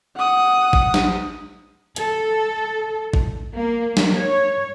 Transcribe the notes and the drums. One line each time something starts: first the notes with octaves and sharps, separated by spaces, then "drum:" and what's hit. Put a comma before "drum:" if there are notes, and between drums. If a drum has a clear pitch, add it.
F#5 D#6
drum: kick A1
drum: snare
A4, drum: hi-hat
drum: kick A1
A#3
drum: snare
C#5